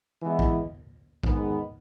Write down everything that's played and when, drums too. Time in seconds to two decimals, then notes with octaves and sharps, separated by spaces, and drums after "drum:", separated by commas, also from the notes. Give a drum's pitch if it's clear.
0.22 E3 G#3 B3 E4
0.39 drum: kick A#1
1.23 G#2 D#3 G#3 B3, drum: kick A#1